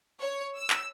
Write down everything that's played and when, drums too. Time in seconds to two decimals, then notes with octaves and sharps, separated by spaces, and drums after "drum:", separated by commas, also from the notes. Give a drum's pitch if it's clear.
0.20 C#5
0.56 E6
0.70 drum: clap